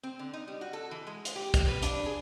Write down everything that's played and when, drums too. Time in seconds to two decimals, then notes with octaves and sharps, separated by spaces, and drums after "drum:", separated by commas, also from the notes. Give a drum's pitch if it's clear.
0.03 C4
0.19 D3
0.34 D#4
0.48 G3
0.61 F#4
0.73 A4
0.91 E3
1.07 G#3
1.25 drum: hi-hat
1.36 G4
1.54 drum: kick, hi-hat
1.68 B4
1.82 D4, drum: hi-hat
2.06 G#4